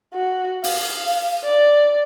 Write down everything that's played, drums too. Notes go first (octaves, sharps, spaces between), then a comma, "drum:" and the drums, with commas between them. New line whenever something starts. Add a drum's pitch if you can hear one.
F#4
F5, drum: open hi-hat
D5